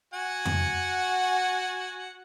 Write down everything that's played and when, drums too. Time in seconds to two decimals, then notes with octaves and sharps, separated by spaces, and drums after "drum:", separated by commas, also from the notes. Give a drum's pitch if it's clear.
0.14 F#4 F#5 G#5
0.45 drum: tom F2